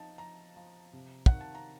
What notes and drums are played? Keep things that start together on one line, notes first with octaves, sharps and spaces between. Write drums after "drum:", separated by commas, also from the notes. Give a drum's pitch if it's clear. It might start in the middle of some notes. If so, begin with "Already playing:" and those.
Already playing: F3 D#4 A5
F3 A#5
F3
C3
D#3 F#5, drum: kick
A5
A#5